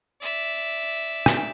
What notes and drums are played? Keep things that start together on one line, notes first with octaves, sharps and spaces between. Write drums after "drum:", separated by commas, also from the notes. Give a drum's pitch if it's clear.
D5 E5
drum: rim click